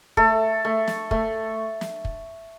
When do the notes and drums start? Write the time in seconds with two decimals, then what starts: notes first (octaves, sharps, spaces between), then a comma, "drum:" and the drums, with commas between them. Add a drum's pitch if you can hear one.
0.17 A3 A4, drum: kick
0.65 A3
0.87 drum: snare
1.11 A3, drum: kick
1.81 drum: snare
2.05 drum: kick